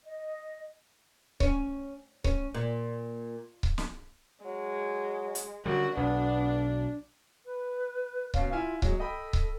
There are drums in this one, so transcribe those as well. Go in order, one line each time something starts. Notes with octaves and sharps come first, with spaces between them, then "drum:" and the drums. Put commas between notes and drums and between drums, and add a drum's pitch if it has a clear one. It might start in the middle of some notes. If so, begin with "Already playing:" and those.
D#5
C#4, drum: kick C#1
C#4, drum: kick C#1
A#2
drum: kick C#1
drum: snare
F#3 G#3
drum: hi-hat
F#2 D3 G3 F#4
B1 B3 D4
B4
B2 C#4 F5, drum: kick C#1
E4 F4 G#5 F6
F#3 G#3, drum: kick C#1
A4 D#5 G5 B5
drum: kick C#1